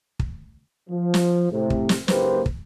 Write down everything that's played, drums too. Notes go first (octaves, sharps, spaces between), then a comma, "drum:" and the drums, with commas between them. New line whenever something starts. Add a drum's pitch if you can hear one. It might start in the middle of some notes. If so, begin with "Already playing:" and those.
drum: kick
F3
drum: snare
A2 C3
drum: kick
drum: snare
F#1 G#2 A#3 G4 B4 C5, drum: snare
drum: kick